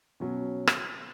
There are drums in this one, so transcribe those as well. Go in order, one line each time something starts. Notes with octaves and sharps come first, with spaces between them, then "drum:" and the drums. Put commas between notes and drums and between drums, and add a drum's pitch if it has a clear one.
B2 F#3 C#4
drum: rim click